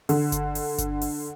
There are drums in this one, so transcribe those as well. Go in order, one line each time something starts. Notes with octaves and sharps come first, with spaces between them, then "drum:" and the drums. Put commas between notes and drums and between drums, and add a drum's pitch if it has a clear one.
D3, drum: open hi-hat
drum: kick G1, hi-hat
drum: open hi-hat
drum: kick G1, hi-hat
drum: open hi-hat